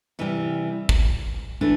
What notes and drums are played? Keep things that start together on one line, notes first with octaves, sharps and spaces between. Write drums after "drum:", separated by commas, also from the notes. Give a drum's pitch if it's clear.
C3 E3 G3
drum: kick
E3 A3 D4